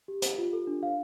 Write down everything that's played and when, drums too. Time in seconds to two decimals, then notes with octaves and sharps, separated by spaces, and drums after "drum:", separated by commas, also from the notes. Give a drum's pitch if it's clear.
0.08 G4
0.22 C5, drum: hi-hat
0.38 F4
0.53 A4
0.67 D4
0.83 F5